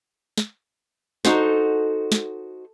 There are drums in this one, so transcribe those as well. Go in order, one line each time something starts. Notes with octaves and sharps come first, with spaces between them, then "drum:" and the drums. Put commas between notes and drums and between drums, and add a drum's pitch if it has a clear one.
drum: snare
D#4 F#4 A4 C5, drum: snare
drum: snare